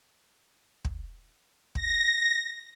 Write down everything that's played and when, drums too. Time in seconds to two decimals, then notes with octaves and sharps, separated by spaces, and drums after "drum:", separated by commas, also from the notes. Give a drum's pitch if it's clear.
0.85 drum: kick
1.75 A#6, drum: kick